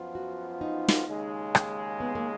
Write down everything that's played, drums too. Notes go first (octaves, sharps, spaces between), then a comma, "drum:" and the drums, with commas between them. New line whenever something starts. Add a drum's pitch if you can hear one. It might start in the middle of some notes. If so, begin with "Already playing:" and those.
Already playing: F#2 F3 B3 F4
F#4
D#4
drum: snare
D#2 C#3 G#3
drum: rim click
B3
A#3